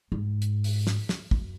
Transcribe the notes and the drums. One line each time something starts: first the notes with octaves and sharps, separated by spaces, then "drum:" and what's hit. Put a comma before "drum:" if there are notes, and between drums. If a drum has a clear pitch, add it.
G#2
drum: hi-hat
drum: open hi-hat
drum: snare
drum: snare
F#2, drum: kick